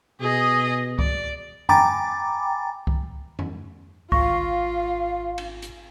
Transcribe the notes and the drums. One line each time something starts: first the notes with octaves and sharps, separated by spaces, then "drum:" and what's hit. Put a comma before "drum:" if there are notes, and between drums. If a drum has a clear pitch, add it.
B2 G#4 D#5
D5, drum: kick C2
G5 G#5 A#5 B5 D6 A6, drum: tom F2
drum: kick C2
drum: tom F2
G#1 F4 F5 C#6 A#6, drum: kick C2
drum: cymbal
drum: hi-hat